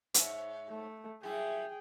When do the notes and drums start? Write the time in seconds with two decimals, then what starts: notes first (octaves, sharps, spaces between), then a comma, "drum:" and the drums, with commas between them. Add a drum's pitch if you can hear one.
0.14 G#2 C#5 E5, drum: hi-hat
0.70 A3
1.23 F#2 G3 E4 G#4 G5